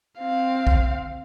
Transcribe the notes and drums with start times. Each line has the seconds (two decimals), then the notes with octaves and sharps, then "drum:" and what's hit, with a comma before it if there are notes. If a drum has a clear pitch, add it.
0.19 C4 F5
0.67 drum: kick